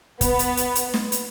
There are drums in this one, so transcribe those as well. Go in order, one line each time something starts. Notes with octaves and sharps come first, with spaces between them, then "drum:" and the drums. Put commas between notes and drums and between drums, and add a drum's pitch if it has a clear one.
B3, drum: kick, hi-hat
drum: hi-hat
drum: hi-hat
drum: hi-hat
drum: snare
drum: hi-hat